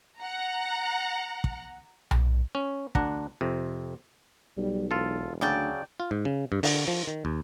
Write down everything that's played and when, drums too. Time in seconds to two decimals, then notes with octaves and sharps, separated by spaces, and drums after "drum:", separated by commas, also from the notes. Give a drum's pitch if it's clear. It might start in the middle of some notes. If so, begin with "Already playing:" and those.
0.20 F#5 A#5
1.44 drum: kick
2.11 drum: tom B1
2.55 C#4
2.95 D2 D4 F#5 A#5, drum: kick
3.41 F2 C3
4.58 B1 G3
4.91 E1 F4 A4
5.41 D2 C#3 F#3 D5 G5 A5
6.00 F4
6.11 G#2
6.25 C#3
6.52 G2
6.63 D3, drum: open hi-hat
6.88 F3
7.07 D#3
7.25 D#2